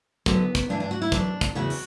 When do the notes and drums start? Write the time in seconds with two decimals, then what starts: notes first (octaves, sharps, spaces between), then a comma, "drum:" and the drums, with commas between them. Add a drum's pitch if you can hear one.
0.26 E2 D3 F#3 B3, drum: kick, hi-hat
0.55 drum: kick, hi-hat
0.69 G2 E3 D4
0.80 D4
0.91 F#4
1.02 E4
1.12 F#2 E3 D4, drum: kick, hi-hat
1.41 drum: kick, hi-hat
1.55 E2 C#3 E3 F#4
1.70 drum: open hi-hat